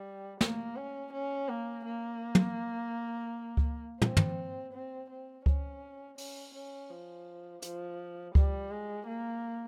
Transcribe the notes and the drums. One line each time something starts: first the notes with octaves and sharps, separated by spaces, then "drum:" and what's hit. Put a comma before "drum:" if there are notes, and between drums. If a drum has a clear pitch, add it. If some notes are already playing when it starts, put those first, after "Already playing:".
Already playing: G3
A#3, drum: snare
C#4
C#4
A#3
A#3
drum: tom
drum: kick C#2
C4, drum: tom
drum: tom
C4
C4
C#4, drum: kick C#2
C#4, drum: open hi-hat
C#4
F3
F3, drum: hi-hat
G3, drum: kick C#2
G#3
A#3